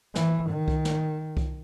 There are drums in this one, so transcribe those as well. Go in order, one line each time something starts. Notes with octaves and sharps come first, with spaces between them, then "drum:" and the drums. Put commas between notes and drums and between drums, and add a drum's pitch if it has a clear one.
E3, drum: snare
D#3
drum: kick C2
drum: snare
drum: kick C2